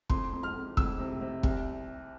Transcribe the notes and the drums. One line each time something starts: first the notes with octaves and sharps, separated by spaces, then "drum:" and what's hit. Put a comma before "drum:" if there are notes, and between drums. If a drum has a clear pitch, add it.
F2 C6, drum: kick
F2
F6
F2
F2 E6, drum: kick
C3
C3
C2, drum: kick